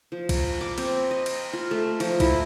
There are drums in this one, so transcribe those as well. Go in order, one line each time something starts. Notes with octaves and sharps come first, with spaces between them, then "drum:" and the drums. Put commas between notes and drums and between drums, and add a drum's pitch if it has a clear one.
F3
drum: kick, cymbal
D6
C4, drum: cymbal
D#5
drum: cymbal
F4
A3
F3, drum: cymbal
E4, drum: kick, cymbal